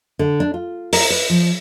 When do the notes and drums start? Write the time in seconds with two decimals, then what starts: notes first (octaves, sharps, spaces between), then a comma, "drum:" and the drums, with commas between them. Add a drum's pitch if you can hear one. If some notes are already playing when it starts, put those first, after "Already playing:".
0.19 D3
0.40 D4
0.54 F4
0.93 A#4, drum: open hi-hat
1.10 B4
1.30 F3